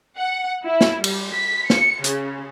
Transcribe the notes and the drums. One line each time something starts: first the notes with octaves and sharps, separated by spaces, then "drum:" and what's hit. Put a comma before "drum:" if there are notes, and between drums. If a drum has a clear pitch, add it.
F#5
E4
drum: snare
G3, drum: cymbal
B6
C#7, drum: snare
C#3, drum: hi-hat